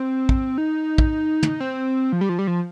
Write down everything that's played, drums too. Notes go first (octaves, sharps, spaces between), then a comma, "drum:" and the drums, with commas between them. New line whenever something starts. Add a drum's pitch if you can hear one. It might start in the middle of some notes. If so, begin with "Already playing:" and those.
Already playing: C4
drum: kick
D#4
drum: kick
drum: tom
C4
F3
G3
F3
G3
F3